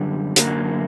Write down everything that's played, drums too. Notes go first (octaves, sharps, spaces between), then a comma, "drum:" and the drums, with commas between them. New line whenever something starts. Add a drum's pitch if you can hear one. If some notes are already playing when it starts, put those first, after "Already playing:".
Already playing: F#2 D3 G3
F#2 D3 F#3 A#3, drum: hi-hat